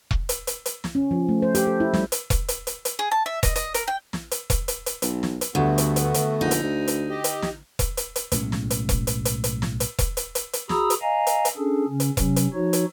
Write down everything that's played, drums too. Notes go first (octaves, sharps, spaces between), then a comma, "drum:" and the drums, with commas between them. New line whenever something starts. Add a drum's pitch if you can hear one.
drum: kick E1
drum: hi-hat
drum: hi-hat
drum: hi-hat
drum: snare
C#4
F3
A3
C5
G4, drum: hi-hat
A4
E4
G3, drum: snare
drum: hi-hat
drum: kick E1, hi-hat
drum: hi-hat
drum: hi-hat
drum: hi-hat
G#4
A5
E5
D#5, drum: kick E1, hi-hat
D#5, drum: hi-hat
A#4, drum: hi-hat
G5
drum: snare
drum: hi-hat
drum: kick E1, hi-hat
drum: hi-hat
drum: hi-hat
B1, drum: hi-hat
drum: snare
drum: hi-hat
D2 G2 A3 B3 F#4
drum: hi-hat
drum: hi-hat
drum: hi-hat
A#1 D#4
drum: hi-hat
D2
drum: hi-hat
G4 D#5
drum: hi-hat
drum: snare
drum: kick E1, hi-hat
drum: hi-hat
drum: hi-hat
B1 A2 G#3 C#4, drum: hi-hat
drum: snare
drum: hi-hat
drum: kick E1, hi-hat
drum: hi-hat
drum: hi-hat
drum: hi-hat
drum: snare
drum: hi-hat
drum: kick E1, hi-hat
drum: hi-hat
drum: hi-hat
drum: hi-hat
F#4 G#4 A#5 B5 D#6 E6, drum: snare
drum: hi-hat
D#5 F5 G#5 A#5
drum: hi-hat
drum: hi-hat
C#4 D4 G#4 A4
C#3 C#4
drum: hi-hat
C3 F#3 C#4, drum: kick E1, hi-hat
drum: hi-hat
F3 D#4 F#4 C#5
drum: hi-hat